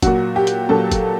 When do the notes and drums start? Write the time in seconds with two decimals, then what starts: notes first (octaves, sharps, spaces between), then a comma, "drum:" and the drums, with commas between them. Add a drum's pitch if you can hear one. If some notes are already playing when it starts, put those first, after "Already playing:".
0.02 A#2 F#3 F#4, drum: kick, hi-hat
0.36 G4
0.47 drum: hi-hat
0.69 A#2 F#3 A4
0.92 drum: kick, hi-hat